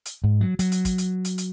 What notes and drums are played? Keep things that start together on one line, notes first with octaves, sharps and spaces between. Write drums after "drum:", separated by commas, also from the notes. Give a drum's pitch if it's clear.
drum: hi-hat
G#2
F#3
F#3, drum: hi-hat
drum: hi-hat
drum: kick, hi-hat
drum: hi-hat
drum: hi-hat
drum: hi-hat